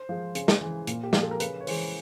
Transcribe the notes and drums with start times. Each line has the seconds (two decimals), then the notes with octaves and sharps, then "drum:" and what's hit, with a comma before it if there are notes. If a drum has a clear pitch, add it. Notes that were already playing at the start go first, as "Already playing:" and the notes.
Already playing: C5
0.09 F3 G#3
0.35 C#3, drum: hi-hat
0.48 drum: snare
0.61 E3 G#3
0.87 A#2, drum: hi-hat
1.03 G4
1.13 F3 G#3 G#4, drum: snare
1.22 A4
1.31 A#4
1.40 C#3 B4, drum: hi-hat
1.61 C#5
1.67 E3 G#3 C5, drum: open hi-hat